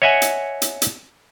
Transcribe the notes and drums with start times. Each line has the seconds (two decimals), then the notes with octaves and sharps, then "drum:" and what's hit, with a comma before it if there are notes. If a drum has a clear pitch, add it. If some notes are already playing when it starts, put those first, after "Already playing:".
0.02 C#5 D#5 E5 F#5 G#5
0.22 drum: hi-hat
0.62 drum: hi-hat
0.82 drum: hi-hat